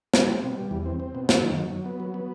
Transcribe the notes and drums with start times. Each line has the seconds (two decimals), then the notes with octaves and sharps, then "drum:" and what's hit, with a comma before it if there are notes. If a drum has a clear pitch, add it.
0.14 G3, drum: snare
0.28 C4
0.43 B2
0.57 G3
0.71 E2
0.86 C4
1.00 C4
1.15 B2
1.29 F#2, drum: snare
1.43 D#3
1.56 F#3
1.71 F#3
1.85 B3
2.00 F#3
2.14 B3